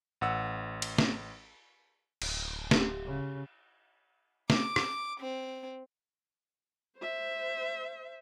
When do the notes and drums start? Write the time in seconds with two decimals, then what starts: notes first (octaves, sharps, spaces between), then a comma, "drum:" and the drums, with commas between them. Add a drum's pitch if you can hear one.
0.21 A1 F#5 E6
0.82 drum: cymbal
0.98 drum: snare
2.22 D1, drum: cymbal
2.71 G4, drum: snare
3.05 C#3
4.50 D6, drum: snare
4.76 drum: rim click
5.20 C4
6.97 C5 E5